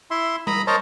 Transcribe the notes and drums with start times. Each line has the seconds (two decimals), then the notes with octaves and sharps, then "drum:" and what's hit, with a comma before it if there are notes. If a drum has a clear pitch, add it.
0.11 E4 E5 C6
0.47 A#5 B5 D#6, drum: tom G3
0.67 A#4 C5 C#5 D#5 A5 A#5